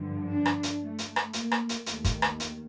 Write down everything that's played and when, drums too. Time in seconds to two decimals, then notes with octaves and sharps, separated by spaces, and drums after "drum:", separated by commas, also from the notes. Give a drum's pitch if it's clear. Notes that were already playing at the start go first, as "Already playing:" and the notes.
Already playing: G2 D3 F3
0.28 D4
0.46 drum: rim click
0.63 drum: hi-hat
0.81 A3
0.99 drum: hi-hat
1.16 drum: rim click
1.33 A#3, drum: hi-hat
1.51 drum: rim click
1.69 drum: hi-hat
1.86 D#2 D#3 A3, drum: hi-hat
2.04 drum: kick, hi-hat
2.22 drum: rim click
2.40 drum: hi-hat